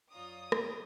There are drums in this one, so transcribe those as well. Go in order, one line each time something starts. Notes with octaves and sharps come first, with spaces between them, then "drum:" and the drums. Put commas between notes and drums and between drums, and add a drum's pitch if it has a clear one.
F#2 F4 C#5 D5 A#5 D#6
A#4 G5, drum: rim click